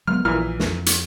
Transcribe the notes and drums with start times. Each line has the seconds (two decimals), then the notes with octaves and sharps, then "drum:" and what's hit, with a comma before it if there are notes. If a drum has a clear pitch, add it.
0.07 F#3 G#3 B3 F6
0.25 A#1 A#2 E3 F6
0.60 F2, drum: snare
0.86 drum: hi-hat